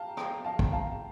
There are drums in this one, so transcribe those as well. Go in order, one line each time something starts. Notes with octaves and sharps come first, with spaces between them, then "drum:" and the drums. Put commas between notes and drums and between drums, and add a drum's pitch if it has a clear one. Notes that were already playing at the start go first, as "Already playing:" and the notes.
Already playing: F5 G5 A5 A#5
G5 A#5, drum: rim click
F5 A5
drum: kick
F5 A5